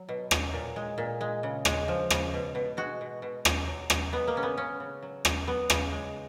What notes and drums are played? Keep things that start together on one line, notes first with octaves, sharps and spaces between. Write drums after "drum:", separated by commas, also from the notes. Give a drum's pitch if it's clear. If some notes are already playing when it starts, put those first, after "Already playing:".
Already playing: F#3
B2
F#3, drum: rim click
A#2
G#3
A#2
G#3
C#3
G#3, drum: rim click
F3
C#3, drum: rim click
B2
B2
G#3 F#4
B2
B2
F#3, drum: rim click
F#3
F#3, drum: rim click
G#3 B3
A#3
C#3 C#4
B3
C#3 C#4
C#3
F#3
F#3, drum: rim click
F#3 B3
C#3, drum: rim click
G#3